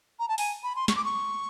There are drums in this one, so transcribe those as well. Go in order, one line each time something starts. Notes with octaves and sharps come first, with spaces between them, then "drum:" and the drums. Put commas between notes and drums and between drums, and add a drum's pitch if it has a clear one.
A#5
A5
G#5, drum: open hi-hat
B5
C6
C#6, drum: snare
D6
C#6